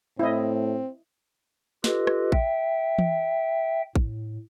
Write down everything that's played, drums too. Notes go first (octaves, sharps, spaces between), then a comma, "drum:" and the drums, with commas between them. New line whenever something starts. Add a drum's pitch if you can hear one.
A2 C4 E4 D#5
F4 G4 A4 B4 D#5, drum: snare
drum: rim click
E5 G5, drum: kick A1
drum: tom E3
A2, drum: kick A1